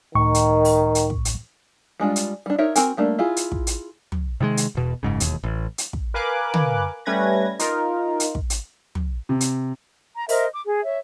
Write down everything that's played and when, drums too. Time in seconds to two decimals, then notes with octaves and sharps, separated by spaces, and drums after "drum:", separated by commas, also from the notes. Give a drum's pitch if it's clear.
0.15 C#2 A2 D#3 C#6
0.35 drum: hi-hat
0.65 drum: open hi-hat
0.95 drum: hi-hat
1.10 drum: kick
1.25 drum: hi-hat
2.00 G3 G#3 D4 F4
2.16 drum: hi-hat
2.46 G3 D4
2.58 D#4 A#4 C#5 E5
2.75 C4 F#4 A#4 G#5, drum: hi-hat
2.97 G3 A3 A#3 D4
3.19 E4 F4 G#4
3.37 drum: hi-hat
3.52 drum: kick
3.67 drum: hi-hat
4.12 drum: tom
4.40 C3 D#3 F#3 G#3
4.57 drum: hi-hat
4.75 E1 B2
5.03 F#1 G#2 C#3
5.20 E1 D#2, drum: hi-hat
5.43 A1
5.78 drum: hi-hat
5.93 drum: kick
6.14 A#4 B4 F5 G#5 D6 F#6
6.54 drum: tom
7.06 G3 A3 C#4 B4 G#6 A#6
7.59 D#4 F4 A#4, drum: hi-hat
8.20 drum: hi-hat
8.35 drum: kick
8.50 drum: hi-hat
8.95 drum: tom
9.29 C3
9.41 drum: hi-hat
10.15 A#5
10.29 A#4 C5 D#5 E5, drum: open hi-hat
10.53 D6
10.65 G#4
10.84 C#5 E5